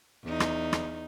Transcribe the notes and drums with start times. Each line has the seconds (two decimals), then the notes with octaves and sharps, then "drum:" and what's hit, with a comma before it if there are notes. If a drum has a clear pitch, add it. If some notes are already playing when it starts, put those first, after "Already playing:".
0.24 E2 D#4
0.40 drum: rim click
0.73 drum: rim click